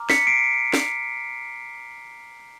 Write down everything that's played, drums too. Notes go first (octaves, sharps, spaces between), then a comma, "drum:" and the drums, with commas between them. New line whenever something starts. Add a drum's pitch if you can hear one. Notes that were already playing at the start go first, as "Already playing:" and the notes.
Already playing: A#5 D6 F6
B6 C#7, drum: snare
C7 D7
drum: snare